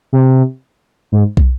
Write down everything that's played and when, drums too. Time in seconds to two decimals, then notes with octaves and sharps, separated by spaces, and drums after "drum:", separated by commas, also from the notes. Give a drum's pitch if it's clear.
0.13 C3
1.12 G#2
1.37 drum: kick